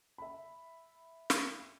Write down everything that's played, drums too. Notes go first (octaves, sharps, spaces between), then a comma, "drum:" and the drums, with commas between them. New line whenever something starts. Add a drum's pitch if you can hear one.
E5 B5
drum: snare